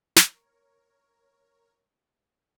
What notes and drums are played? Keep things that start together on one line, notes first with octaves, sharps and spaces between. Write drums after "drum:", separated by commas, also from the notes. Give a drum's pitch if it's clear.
A#4 C#5, drum: snare